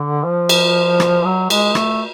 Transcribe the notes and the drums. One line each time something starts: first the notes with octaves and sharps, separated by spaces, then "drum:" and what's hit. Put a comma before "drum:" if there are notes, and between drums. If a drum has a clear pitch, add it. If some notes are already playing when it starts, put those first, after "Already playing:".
Already playing: D3
F3
drum: cymbal
drum: rim click
F#3
G#3, drum: cymbal
A3, drum: rim click